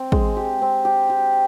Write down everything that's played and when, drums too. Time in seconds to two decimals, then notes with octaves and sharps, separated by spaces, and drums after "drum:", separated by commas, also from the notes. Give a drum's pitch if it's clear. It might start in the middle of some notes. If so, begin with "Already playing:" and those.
Already playing: C4
0.12 G#3, drum: kick
0.37 G4
0.62 C4
0.85 G4
1.10 G4